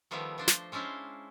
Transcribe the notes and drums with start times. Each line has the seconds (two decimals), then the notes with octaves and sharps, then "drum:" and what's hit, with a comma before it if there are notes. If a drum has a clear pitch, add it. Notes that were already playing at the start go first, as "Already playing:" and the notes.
0.11 D#3 F3 G3 A3 B3 E4
0.38 F3 D4 C5
0.48 drum: snare
0.72 G#3 C#4 D4 E4 C5 F5